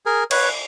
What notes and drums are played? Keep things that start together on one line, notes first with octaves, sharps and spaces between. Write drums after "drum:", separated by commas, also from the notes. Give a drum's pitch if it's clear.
G#4 A#4
B4 C#5, drum: cymbal